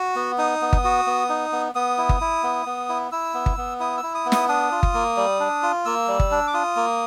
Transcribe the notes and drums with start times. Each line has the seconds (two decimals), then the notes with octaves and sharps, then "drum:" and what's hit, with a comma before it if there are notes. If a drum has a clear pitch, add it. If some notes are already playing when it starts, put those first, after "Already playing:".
Already playing: F#4
0.16 B3
0.38 D#4 D#6
0.61 B3
0.73 drum: kick G1
0.84 F#4
1.07 B3
1.29 D#4
1.52 B3
1.75 B3 D#6
1.98 E4
2.09 drum: kick G1
2.21 E4
2.43 B3
2.66 B3
2.89 E4
3.12 E4 E6
3.34 B3
3.46 drum: kick G1
3.57 B3
3.80 E4 D#6
3.98 E6
4.03 E4
4.15 D#6
4.26 B3
4.32 D#6, drum: snare
4.49 D4 D#6
4.72 F4
4.83 drum: kick G1
4.94 A#3
5.17 G3
5.40 D4
5.63 F4
5.86 A#3 E6
6.08 G3
6.20 drum: kick G1
6.31 D4
6.47 D6
6.54 F4 D#6
6.76 A#3